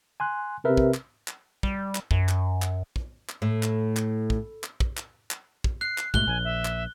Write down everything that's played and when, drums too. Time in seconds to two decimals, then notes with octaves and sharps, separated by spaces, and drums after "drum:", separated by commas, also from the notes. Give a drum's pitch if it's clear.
0.20 G#5 C6 F#6
0.65 C3 A#4 B4 E5
0.77 drum: kick
0.94 drum: clap
1.28 drum: clap
1.63 G3, drum: kick
1.95 drum: clap
2.11 F#2, drum: kick
2.29 drum: clap
2.62 drum: clap
2.96 drum: kick
3.29 drum: clap
3.42 A2
3.63 drum: clap
3.96 drum: clap
4.30 drum: kick
4.64 drum: clap
4.80 drum: kick
4.97 drum: clap
5.31 drum: clap
5.64 drum: kick
5.81 F#6 C7
5.98 drum: clap
6.14 G#2 B2 A3 F#6 G7, drum: kick
6.27 A#1 G#5
6.44 E5
6.65 drum: clap